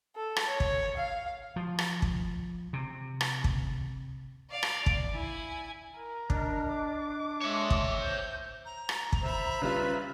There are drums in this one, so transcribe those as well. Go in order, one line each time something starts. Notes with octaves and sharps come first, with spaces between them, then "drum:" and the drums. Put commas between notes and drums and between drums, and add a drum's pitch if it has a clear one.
A4
drum: rim click
C#5
drum: kick
F5
F3
drum: rim click
drum: kick
C3
drum: rim click
drum: kick
D5 F5
drum: rim click
drum: kick
E4 G#5
A#4
D4 D#5, drum: kick
D6
G#3 C#5 E5
drum: kick
C5 G6
A#5
drum: rim click
drum: kick
C5 E5 B5
C#3 G3 F4 B4